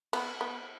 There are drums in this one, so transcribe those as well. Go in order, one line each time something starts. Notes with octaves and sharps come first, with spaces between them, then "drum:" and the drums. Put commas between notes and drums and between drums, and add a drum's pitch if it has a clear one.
B3, drum: cymbal
B3